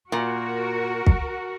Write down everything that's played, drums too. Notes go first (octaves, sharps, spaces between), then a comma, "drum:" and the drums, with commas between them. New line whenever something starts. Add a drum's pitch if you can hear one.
A#2 F#4 A#4
drum: kick